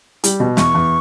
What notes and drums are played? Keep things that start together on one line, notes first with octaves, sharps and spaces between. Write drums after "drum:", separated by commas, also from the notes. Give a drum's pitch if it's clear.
G3, drum: hi-hat
B2
E2 C#6, drum: snare
E2